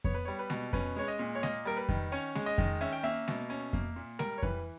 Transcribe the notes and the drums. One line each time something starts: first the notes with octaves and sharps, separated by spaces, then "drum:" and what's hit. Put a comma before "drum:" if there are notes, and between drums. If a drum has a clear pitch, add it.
B3 C#5, drum: kick F2
B4
G3 C#5
B4
B2, drum: snare G#3
C#4 B4, drum: kick F2
G#3 C#5
D#5
A#2
C#5
A#3 D#5, drum: snare G#3
G3 A#4
B4
D#3, drum: kick F2
C#4 C#5
G#3, drum: snare G#3
D#5
D#3, drum: kick F2
C#4 E5
G5
A#3 E5
B2, drum: snare G#3
C#4
A#3, drum: kick F2
A#2
G3 A#4, drum: snare G#3
C#5
E3 B4, drum: kick F2